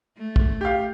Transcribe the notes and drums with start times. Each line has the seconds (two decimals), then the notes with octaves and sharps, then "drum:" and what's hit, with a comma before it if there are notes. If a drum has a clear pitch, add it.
0.17 A3
0.36 drum: kick
0.61 G4 F5